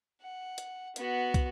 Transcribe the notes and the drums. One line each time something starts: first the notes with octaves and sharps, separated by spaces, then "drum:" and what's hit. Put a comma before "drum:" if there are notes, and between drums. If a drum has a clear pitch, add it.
F#5
drum: hi-hat
B3 F#4, drum: hi-hat
drum: kick, hi-hat